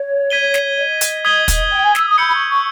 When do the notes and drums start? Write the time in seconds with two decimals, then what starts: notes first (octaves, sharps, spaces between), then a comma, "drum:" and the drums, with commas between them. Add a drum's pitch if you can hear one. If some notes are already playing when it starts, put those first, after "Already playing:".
Already playing: C#5
0.30 G#6 B6 D#7 G7
0.54 drum: snare
0.77 D#5
1.01 drum: hi-hat
1.25 D#6 G#6 B6 D#7 G7
1.48 drum: kick, hi-hat
1.71 G5
1.83 G#5
1.95 E6, drum: snare
2.07 D#6
2.18 B5 E6 G6 C#7
2.34 C#6
2.49 C#6